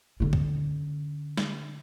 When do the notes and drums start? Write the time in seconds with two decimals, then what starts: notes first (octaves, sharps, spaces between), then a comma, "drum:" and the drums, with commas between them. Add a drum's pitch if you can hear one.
0.20 D3 C#4
0.33 drum: kick C#2
1.38 drum: snare